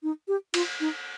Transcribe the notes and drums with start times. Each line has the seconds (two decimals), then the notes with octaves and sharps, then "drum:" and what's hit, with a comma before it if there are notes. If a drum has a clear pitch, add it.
0.03 D#4
0.28 G4
0.54 F4, drum: cymbal
0.80 D#4